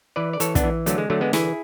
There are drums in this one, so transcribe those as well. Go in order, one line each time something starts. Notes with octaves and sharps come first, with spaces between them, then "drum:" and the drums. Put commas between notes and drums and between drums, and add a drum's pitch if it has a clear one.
E3 B4 D5
D5
E3 A4 C#5, drum: hi-hat
B3 D4, drum: kick, hi-hat
E3
D3 F#3 A3, drum: hi-hat
G#3
D3 F#3 A3
G#3 B3
E3 E4 G#4, drum: snare